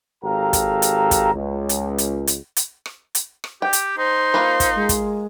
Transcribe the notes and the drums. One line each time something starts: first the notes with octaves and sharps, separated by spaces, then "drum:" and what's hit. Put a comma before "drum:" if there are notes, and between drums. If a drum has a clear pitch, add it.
G#1 G4 A4 F5 A#5
drum: kick, hi-hat
drum: hi-hat
drum: kick, hi-hat
C#2
drum: hi-hat
drum: hi-hat
drum: hi-hat
drum: hi-hat
drum: rim click
drum: hi-hat
drum: rim click
G4 G5
drum: hi-hat
D#4 C5 C6
A#3 F4 B4
drum: kick, hi-hat
G#3
drum: kick, hi-hat